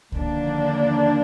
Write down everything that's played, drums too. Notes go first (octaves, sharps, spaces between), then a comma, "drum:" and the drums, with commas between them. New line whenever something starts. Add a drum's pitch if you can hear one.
D#2 D3 F3 A#3 D4, drum: kick C2